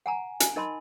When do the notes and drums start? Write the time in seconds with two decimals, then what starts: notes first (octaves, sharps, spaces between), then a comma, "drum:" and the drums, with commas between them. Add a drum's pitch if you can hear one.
0.06 F#5 G#5 A#5
0.40 G#5, drum: hi-hat
0.56 D#4 A#4 D#5 A5 B5 C6